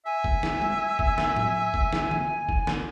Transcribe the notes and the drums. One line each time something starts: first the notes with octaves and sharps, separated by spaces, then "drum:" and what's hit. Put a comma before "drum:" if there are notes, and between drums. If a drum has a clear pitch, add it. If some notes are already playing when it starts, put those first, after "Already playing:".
E5 G#5
drum: kick
drum: snare
drum: tom
drum: kick
drum: snare
drum: tom A2
drum: kick
drum: snare
drum: tom D3
drum: kick
drum: snare